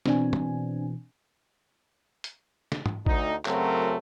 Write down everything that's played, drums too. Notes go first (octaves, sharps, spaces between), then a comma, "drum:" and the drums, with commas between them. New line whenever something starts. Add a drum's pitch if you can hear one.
B2 E3 C4 D4 G#5, drum: snare
drum: tom
drum: hi-hat
drum: snare
drum: tom
D2 D#4, drum: kick G#1
F#2 C#3 F#3 A3 C4 A#4, drum: clap